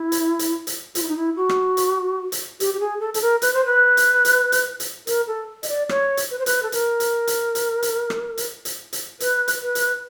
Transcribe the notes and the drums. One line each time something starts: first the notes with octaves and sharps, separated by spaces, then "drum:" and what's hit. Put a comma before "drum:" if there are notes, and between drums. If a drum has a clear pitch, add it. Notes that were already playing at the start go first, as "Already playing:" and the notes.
Already playing: E4
drum: hi-hat
drum: hi-hat
drum: hi-hat
F4, drum: hi-hat
E4
D#4
E4
F#4
drum: rim click
drum: hi-hat
drum: hi-hat
G4, drum: hi-hat
G4
G#4
A4
A4, drum: hi-hat
A#4
B4, drum: hi-hat
C5
B4
drum: hi-hat
drum: hi-hat
drum: hi-hat
drum: hi-hat
A#4, drum: hi-hat
A4
D#5, drum: hi-hat
D5
C#5, drum: rim click
drum: hi-hat
B4
C5
B4, drum: hi-hat
A4
A#4, drum: hi-hat
drum: hi-hat
drum: hi-hat
drum: hi-hat
drum: hi-hat
drum: rim click
drum: hi-hat
drum: hi-hat
drum: hi-hat
B4, drum: hi-hat
drum: hi-hat
B4
drum: hi-hat